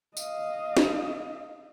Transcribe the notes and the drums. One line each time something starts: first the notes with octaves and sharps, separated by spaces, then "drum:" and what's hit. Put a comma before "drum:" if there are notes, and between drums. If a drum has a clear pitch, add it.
D#5 F5, drum: tambourine
drum: snare